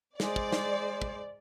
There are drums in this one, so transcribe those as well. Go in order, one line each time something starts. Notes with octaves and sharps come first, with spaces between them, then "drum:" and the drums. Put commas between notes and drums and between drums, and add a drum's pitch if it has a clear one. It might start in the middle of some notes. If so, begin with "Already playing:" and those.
G#3 C5 D5, drum: snare
drum: kick
drum: snare
drum: kick